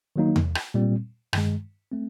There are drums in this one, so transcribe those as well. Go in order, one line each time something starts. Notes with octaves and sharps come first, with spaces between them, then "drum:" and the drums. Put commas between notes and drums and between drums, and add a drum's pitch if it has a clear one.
D#3 F#3 A#3 D#4
drum: tom E2
drum: rim click
A#2 G3 C4
G2 D#3 G#3, drum: rim click
A3 C4